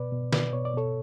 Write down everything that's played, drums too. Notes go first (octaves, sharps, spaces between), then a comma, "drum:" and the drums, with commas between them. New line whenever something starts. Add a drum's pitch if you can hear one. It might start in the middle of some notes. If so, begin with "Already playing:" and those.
Already playing: B2 B4 D5
B2
B2 B4 D5, drum: snare
B2 C#5
D5
B2 A4 C#5